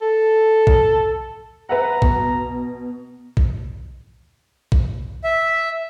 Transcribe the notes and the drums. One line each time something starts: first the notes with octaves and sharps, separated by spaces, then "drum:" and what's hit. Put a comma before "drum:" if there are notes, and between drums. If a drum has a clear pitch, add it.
A4
drum: kick
B4 E5 F#5 A#5
B2, drum: kick
drum: kick
drum: kick
E5